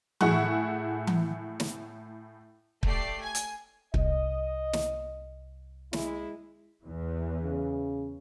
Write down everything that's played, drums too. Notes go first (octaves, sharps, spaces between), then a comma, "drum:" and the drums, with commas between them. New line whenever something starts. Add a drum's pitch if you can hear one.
A2 E4 G#4 F#5 C#6, drum: tom E3
drum: tom E3
drum: snare
A3 G4 D5 C7, drum: kick
G#5 G#6
drum: hi-hat
C2 D#5, drum: kick
drum: snare
G#3 E4, drum: snare
E2 E3
C#3